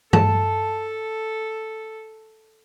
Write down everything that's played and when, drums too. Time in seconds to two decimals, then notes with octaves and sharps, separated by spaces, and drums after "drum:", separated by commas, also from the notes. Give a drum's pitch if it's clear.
0.13 A4 A5, drum: tom G2